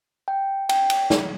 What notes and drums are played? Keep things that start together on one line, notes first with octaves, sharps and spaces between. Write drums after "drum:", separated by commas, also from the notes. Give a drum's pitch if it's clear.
G5
G5, drum: cymbal
drum: cymbal
drum: snare